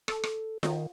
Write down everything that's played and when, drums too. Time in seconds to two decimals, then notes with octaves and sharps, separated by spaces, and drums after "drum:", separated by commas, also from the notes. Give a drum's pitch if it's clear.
0.08 A4, drum: rim click
0.23 drum: rim click
0.63 D#3, drum: snare F4